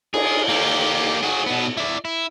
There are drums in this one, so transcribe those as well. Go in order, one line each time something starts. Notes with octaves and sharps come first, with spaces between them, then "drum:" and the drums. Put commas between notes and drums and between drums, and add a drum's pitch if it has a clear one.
G#4, drum: cymbal
A#3 G4
F#4 G#4
B2 B3
E4 D5
E4